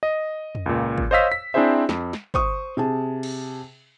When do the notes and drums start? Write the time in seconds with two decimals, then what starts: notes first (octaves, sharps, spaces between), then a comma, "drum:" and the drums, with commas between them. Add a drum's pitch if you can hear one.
0.03 D#5
0.55 drum: tom
0.66 C#2 A#2
0.98 drum: kick
1.11 C5 C#5 D#5 F5 E6 B6
1.32 B6
1.54 C4 D4 E4 G#4 C5 E5
1.89 F2, drum: snare
2.13 drum: snare
2.34 C5 C#6 D#6, drum: kick
2.77 C3 G#4 A5
3.23 drum: cymbal